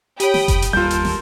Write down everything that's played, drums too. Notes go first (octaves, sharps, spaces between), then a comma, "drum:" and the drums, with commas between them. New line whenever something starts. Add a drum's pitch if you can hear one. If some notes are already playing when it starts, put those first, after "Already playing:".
G4 C#5 G5 B5 D#6, drum: hi-hat
drum: snare
drum: kick F#1, hi-hat
drum: hi-hat
D#2 G3 F4 A4 A#4 G6
drum: hi-hat
drum: snare